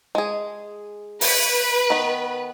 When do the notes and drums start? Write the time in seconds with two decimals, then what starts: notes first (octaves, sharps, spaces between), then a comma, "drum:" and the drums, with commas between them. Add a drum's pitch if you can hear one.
0.15 G#3 G#4
1.21 B4, drum: open hi-hat
1.90 D#3 B3